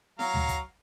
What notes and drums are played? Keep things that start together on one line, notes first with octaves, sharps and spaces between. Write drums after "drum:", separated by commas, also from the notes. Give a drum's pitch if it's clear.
F#3 F5 A#5, drum: snare E4
drum: tom D2
drum: kick, hi-hat